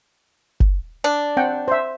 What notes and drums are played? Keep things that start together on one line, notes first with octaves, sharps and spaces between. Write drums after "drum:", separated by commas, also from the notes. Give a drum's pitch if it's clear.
drum: kick F#1
D4
C4 F#5 G5
C5 E5